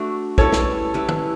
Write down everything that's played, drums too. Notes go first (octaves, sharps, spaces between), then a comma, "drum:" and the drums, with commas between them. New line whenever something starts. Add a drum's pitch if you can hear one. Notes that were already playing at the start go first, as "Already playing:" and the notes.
Already playing: A3 D4 F#4
G3 C#4 E4 A4 B4 C#5, drum: kick
drum: snare
G3 C#4 E4 B4
drum: tom